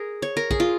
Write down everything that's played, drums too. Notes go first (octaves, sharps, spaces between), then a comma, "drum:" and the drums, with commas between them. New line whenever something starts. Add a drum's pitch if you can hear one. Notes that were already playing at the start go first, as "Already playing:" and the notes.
Already playing: G#4 A#4
C#5
A#4
G#4, drum: kick
F4